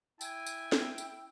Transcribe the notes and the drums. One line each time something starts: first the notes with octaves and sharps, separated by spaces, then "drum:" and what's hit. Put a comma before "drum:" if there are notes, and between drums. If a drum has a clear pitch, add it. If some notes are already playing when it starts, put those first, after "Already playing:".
E4 G5 G#5, drum: tambourine
drum: tambourine
drum: snare
drum: tambourine